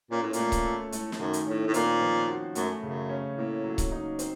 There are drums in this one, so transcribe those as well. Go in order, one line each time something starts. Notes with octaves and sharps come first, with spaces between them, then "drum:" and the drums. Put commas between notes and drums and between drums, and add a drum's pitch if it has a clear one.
A#2 C#4
A2
A#2 A3, drum: hi-hat
drum: kick C#1, hi-hat
A4
A2 A3, drum: hi-hat
A2, drum: snare
F#2 D#3
drum: hi-hat
A2 C#4
A2
A#2 C4, drum: hi-hat
F3
F#4
F#2 A3, drum: hi-hat
F#2 C#3
C#4
A2 A#3
F#3
drum: kick C#1, hi-hat
D#4
C4, drum: hi-hat